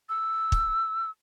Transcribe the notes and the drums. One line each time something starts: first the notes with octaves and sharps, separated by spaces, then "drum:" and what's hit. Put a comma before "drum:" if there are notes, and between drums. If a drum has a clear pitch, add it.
E6
drum: kick